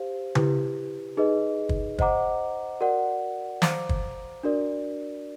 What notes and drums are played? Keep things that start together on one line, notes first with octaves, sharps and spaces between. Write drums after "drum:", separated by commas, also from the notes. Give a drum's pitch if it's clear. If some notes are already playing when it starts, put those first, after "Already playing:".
Already playing: G4 C5 F5
E4 G4 B4, drum: tom C#3
D#4 G#4 B4 D#5
drum: kick
C5 D#5 F#5 A#5 D6, drum: kick
F#4 A#4 D5 F#5
C5 F5 A#5 D6, drum: snare
drum: kick
D4 F#4 A#4 D5